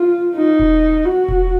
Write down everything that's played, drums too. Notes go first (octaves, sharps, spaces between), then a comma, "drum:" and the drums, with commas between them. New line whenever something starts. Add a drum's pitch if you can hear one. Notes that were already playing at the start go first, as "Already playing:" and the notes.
Already playing: F4
D#4
drum: kick E1
F#4
drum: kick E1